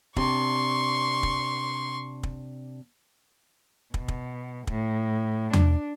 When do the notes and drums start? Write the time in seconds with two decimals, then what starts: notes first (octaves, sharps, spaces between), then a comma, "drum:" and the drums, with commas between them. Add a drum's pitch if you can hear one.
0.16 C3 C4 D4 C6 C#6, drum: kick
1.23 drum: kick
2.23 drum: kick
3.94 B2, drum: kick
4.08 drum: kick
4.67 A2, drum: kick
5.53 D4, drum: tom E2